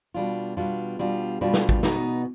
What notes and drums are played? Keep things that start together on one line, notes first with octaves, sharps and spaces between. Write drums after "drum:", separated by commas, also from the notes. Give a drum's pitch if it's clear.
B2 G3 D4 F4
B2 G3 D4 F4
B2 G3 D4 F4
B2 G3 D4 F4
drum: snare
drum: kick
B2 B3 D#4, drum: snare